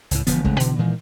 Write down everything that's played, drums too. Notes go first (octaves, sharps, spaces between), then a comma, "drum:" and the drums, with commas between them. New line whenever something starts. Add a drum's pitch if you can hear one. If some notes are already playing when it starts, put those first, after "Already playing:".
C#2 A2, drum: hi-hat
E1 D3 F3 B3, drum: hi-hat
E1 C#3 G#3 A3, drum: kick
B2 D3 E3, drum: hi-hat
A#2 D#3 E3 G#3